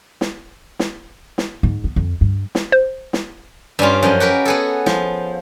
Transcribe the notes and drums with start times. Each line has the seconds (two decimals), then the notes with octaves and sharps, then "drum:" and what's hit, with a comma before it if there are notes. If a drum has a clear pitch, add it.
0.21 drum: snare
0.79 drum: snare
1.38 drum: snare
1.63 G#2
1.84 B3
1.96 F2
2.21 G2
2.55 drum: snare
2.72 C5
3.13 drum: snare
3.79 G2 G3 C#4 F4
4.03 F#2 F3 D#5
4.20 F#4 G4 A#4 B4
4.45 B3 G#4 A4
4.86 F3, drum: snare